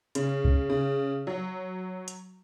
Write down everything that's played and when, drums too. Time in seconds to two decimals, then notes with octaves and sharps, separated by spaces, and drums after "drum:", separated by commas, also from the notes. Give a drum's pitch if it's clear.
0.15 C#3, drum: hi-hat
0.45 drum: kick
0.69 C#3
1.27 F#3
2.08 drum: hi-hat